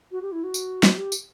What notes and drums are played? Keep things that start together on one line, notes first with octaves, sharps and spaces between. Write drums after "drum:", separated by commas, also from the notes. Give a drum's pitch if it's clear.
F#4
G4
E4
F#4
drum: tambourine
drum: snare
G4
drum: tambourine